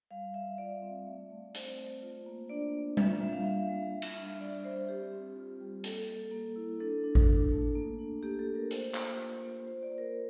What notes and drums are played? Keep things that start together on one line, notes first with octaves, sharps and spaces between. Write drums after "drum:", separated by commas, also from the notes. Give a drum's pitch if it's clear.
G3 F5
G3 E5
F4 D5
C4
A3
A3
C4 C5, drum: hi-hat
A3
F4
A#3
D4 D5
A#3
F4 E5, drum: tom G3
G3 E5
F5
G3 E5
G3
G3
drum: cymbal
D4
D4 D5
G3 C5
C4 G4
C4
F4
G3
A#3 A4, drum: hi-hat
A#3
A#3
E4
D4 A4
D4
drum: kick G#1
D4
A3
A#3
D4
A#3 G4
A4
A#3
A#4
F4 C5, drum: hi-hat
A#3, drum: clap
F4
A#3
F4 C5
D5
A#3
A#4